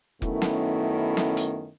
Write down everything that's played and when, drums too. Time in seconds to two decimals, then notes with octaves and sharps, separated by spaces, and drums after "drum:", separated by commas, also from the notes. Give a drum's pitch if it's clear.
0.22 F#2 D#3 A3 B3 C#4 E4, drum: kick F1
0.42 drum: snare
1.17 drum: snare
1.37 drum: hi-hat